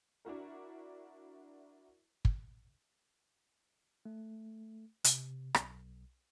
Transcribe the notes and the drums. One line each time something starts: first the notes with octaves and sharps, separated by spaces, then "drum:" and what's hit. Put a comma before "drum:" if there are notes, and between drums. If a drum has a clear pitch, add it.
D4 E4 F#4 A#4
drum: kick
A3
C3, drum: hi-hat
B1, drum: rim click